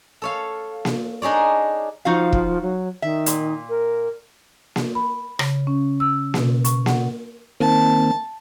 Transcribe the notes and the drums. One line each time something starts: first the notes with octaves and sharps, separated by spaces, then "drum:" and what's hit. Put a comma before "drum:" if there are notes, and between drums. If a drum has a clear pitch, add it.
A4 C#5 F5
drum: snare A#3
D4 D#4 G#4 C#5 D5
F3 D#4 F#4 F5
drum: kick
F#3
D#3 E5
A#2, drum: hi-hat
A#4
drum: snare A#3
B5
C#3, drum: rim click
C#4
E6
B2, drum: snare A#3
C#6, drum: hi-hat
F#5, drum: snare A#3
D#3 A#3 C4 A5